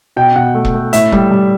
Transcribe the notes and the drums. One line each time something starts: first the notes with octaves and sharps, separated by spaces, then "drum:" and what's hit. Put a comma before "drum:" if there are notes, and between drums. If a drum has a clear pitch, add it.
B2 G5
B2 F#5
A3
drum: kick E1
A3
A2 E5, drum: hi-hat
G3, drum: kick E1
G3